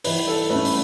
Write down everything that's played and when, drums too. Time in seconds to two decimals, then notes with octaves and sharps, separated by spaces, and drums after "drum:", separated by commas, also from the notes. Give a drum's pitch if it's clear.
0.04 E3 B4, drum: open hi-hat
0.27 A4
0.50 A3 C#4 B4
0.65 drum: open hi-hat